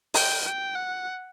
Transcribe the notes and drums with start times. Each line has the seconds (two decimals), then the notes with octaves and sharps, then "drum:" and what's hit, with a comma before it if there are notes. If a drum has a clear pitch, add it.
0.14 G5, drum: open hi-hat
0.45 G5
0.75 F#5